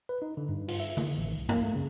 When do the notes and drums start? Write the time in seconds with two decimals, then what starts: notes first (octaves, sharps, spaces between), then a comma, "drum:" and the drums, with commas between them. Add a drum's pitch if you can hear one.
0.09 B4
0.22 D#4
0.37 D3
0.49 G2
0.68 F4, drum: open hi-hat
0.80 E5
0.97 D#3, drum: tom D3
1.18 A1
1.37 C2
1.49 A#3, drum: tom G2
1.63 A3
1.75 C#3